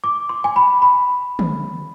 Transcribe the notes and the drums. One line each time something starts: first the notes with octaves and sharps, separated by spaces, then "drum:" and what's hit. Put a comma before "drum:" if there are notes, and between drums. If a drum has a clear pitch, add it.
D6
C6
G#5
B5
B5
drum: tom